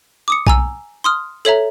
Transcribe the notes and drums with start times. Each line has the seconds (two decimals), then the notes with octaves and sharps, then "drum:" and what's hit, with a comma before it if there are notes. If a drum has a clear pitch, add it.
0.28 D6 D#6 C#7
0.47 G#5 A#5 E6, drum: kick B1
1.04 C6 D#6 F6
1.45 A4 C#5 E5 A#5, drum: hi-hat